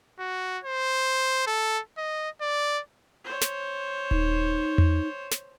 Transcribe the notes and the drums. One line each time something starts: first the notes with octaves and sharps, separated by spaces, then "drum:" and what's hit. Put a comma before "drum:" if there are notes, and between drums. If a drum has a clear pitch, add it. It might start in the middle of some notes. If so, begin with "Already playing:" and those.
F#4
C5
A4
D#5
D5
C5 C#5
drum: snare
D#4, drum: kick D#1
drum: tom E2
drum: snare